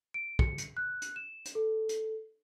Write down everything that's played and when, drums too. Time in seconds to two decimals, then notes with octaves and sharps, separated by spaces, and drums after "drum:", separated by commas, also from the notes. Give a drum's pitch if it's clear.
0.14 D7
0.39 C#7, drum: kick
0.58 drum: hi-hat
0.77 F#6
1.02 drum: hi-hat
1.16 E7
1.45 drum: hi-hat
1.55 A4
1.89 drum: hi-hat